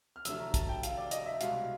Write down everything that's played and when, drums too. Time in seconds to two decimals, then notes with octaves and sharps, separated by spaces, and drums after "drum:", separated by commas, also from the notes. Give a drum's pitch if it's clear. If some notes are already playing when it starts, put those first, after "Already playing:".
0.16 F6
0.25 F1 D#2 D3 F#3 A3 E6, drum: hi-hat
0.40 A#5
0.54 A5, drum: kick, hi-hat
0.69 G5
0.83 F5, drum: hi-hat
0.97 D5
1.11 D#5, drum: hi-hat
1.26 E5
1.41 C2 B2 G#3 F5, drum: hi-hat